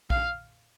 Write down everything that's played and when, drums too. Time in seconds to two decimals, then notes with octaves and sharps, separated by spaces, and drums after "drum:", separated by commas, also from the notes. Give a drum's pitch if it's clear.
0.10 F5, drum: kick A#1